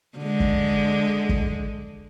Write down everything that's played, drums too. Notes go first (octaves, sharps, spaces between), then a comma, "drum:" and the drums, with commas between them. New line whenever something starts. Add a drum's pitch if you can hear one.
D3 G#3
drum: kick
drum: kick